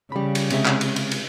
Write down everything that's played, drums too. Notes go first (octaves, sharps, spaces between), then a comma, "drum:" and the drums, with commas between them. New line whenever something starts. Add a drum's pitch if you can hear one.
C#3 G3 B5
drum: cymbal
C3 G#3 E5, drum: cymbal
drum: clap
drum: cymbal
drum: cymbal
drum: cymbal